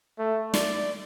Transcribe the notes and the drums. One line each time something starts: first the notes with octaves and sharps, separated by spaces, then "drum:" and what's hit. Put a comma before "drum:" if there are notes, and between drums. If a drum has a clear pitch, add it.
A3
D5, drum: snare